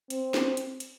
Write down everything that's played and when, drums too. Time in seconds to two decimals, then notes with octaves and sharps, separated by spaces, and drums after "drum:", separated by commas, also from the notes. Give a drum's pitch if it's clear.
0.10 C4, drum: hi-hat
0.34 drum: snare
0.57 drum: hi-hat
0.80 drum: hi-hat